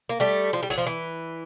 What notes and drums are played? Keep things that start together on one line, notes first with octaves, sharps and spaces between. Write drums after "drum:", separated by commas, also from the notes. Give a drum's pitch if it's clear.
A#3
G3 A3
F3
G3
F#3, drum: open hi-hat
F3
E3